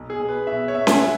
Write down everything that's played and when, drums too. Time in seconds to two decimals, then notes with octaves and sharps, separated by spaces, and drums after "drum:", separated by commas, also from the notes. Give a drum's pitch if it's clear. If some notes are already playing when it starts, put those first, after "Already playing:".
Already playing: B1
0.10 G#4
0.20 B1
0.29 B4
0.47 B2 E5
0.68 C#5
0.74 B2 E5
0.87 G#5, drum: snare C#4
0.95 F#5
1.02 E5